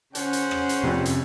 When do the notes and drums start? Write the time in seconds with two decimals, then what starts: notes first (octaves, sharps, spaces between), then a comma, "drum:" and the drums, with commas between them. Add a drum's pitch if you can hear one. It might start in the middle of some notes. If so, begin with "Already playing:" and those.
0.15 C#3 C#4 C5 F#5, drum: hi-hat
0.33 drum: hi-hat
0.51 drum: rim click
0.69 drum: hi-hat
0.84 F1 F2 C3
1.05 drum: hi-hat